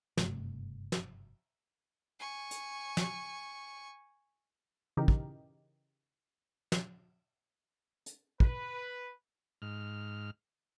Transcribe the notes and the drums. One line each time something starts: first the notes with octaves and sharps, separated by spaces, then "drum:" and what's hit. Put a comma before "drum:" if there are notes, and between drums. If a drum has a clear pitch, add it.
F#1 G2 C3 A3, drum: snare
drum: snare
G#5 C#6
drum: hi-hat
drum: snare
C#3 E3 D#4 G4 A#4
drum: kick
drum: snare
drum: hi-hat
B4, drum: kick
G#2 F6